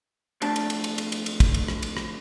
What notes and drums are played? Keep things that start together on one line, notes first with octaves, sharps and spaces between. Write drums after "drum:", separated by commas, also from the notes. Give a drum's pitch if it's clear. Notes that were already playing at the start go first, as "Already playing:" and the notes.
F2 A3 D4 G5 A5, drum: cymbal
drum: cymbal
drum: cymbal
drum: cymbal
drum: cymbal
drum: cymbal
drum: cymbal
drum: kick, cymbal
drum: cymbal
drum: rim click
drum: cymbal
drum: rim click